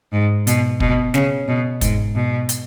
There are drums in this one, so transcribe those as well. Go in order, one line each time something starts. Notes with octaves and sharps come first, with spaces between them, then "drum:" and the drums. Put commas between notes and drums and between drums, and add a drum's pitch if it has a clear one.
G#2
B2, drum: hi-hat
B2, drum: kick
C#3, drum: snare
B2
G#2, drum: kick, hi-hat
B2
drum: hi-hat